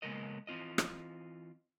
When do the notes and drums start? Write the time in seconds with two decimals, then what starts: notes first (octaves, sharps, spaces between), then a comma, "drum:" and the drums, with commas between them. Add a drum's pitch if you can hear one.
0.02 C#3 G#3 A#3 B3 A#4 D#5
0.47 E3 C4 F4 D#5
0.78 drum: rim click